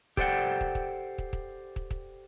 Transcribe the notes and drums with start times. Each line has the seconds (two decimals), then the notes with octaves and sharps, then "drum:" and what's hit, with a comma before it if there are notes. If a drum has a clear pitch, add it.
0.17 G4 A4 C5 D5 F#5 G5, drum: kick
0.61 drum: kick
0.75 drum: kick
1.18 drum: kick
1.33 drum: kick
1.76 drum: kick
1.91 drum: kick